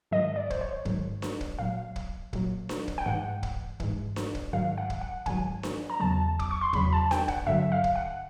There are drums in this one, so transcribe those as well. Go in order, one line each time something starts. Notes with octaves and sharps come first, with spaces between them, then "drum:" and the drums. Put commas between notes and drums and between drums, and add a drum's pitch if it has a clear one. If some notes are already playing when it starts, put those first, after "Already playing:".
G#2 D#3 F#3 D#5
D5
C5, drum: kick
C#5
G#2 D#3 F#3, drum: kick
drum: snare D4
drum: kick
A#2 F#3 F5
drum: kick
A#2 F#3, drum: kick
drum: snare D4
drum: kick
G5
G#2 E3 F#5
drum: kick
G#2 E3, drum: kick
drum: snare D4
drum: kick
G#2 D#3 F#3 F5
F#5
drum: kick
F#5
G#2 D#3 F#3 G#5, drum: kick
drum: snare D4
A#5
E2 C#3 F#3 A5
D6, drum: kick
C#6
C6
E2 C#3 F#3 B5, drum: kick
A5
G5, drum: snare D4
F#5, drum: kick
G2 D3 F#3 E5
F5
drum: kick
F#5